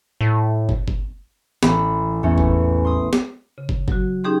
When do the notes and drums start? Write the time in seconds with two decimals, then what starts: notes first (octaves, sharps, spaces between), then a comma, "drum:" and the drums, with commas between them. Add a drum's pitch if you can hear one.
0.21 A2
0.69 drum: kick
0.88 drum: kick
1.63 A1 B5, drum: snare
2.23 E2 A3 C#4
2.38 drum: kick
2.85 C6 D#6
3.13 drum: snare
3.58 C#3
3.69 drum: kick
3.88 F#3 F#4, drum: kick
4.24 C#4 D#4 G4 G#4 G5 C6